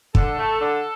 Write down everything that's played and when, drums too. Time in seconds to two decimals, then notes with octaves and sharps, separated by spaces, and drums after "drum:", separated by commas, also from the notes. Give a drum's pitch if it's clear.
0.15 D3 A4, drum: kick
0.38 A3
0.60 D3